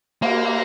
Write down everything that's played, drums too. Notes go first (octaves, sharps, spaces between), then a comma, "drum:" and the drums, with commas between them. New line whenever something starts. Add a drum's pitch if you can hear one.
A#3, drum: cymbal